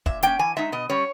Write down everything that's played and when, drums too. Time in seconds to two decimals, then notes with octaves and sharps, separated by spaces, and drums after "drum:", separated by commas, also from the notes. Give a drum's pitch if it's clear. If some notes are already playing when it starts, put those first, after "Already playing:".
0.06 A#2 E5, drum: kick
0.23 A#3 C#4 G5, drum: hi-hat
0.39 E3 G#5
0.57 G#3 D#4 E5
0.72 B2 D#5
0.90 G3 C#4 C#5